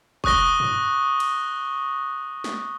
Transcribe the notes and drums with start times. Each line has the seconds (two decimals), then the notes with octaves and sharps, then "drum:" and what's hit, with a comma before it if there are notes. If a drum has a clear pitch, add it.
0.24 C#6 D#6 F#6 A#6 G7, drum: kick F#1
0.60 drum: tom
1.20 drum: cymbal
2.44 drum: snare